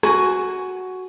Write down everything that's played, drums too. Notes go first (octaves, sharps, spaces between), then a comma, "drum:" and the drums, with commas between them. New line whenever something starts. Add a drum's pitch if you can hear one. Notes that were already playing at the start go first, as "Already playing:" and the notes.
F#4 G#5, drum: rim click